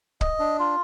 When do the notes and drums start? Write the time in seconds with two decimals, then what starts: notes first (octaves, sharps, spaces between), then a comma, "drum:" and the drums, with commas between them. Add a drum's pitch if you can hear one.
0.21 D#5, drum: kick
0.39 D4
0.59 F4